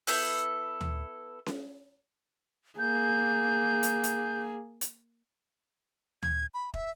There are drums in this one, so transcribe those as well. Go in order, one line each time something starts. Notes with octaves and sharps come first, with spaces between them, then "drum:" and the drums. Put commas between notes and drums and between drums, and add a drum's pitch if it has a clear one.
B3 E4 A4 G6, drum: open hi-hat
drum: tom D2
drum: snare C#4
A#3 G#4 G6
drum: hi-hat
drum: hi-hat
drum: hi-hat
G#6, drum: tom D2
B5
E5, drum: kick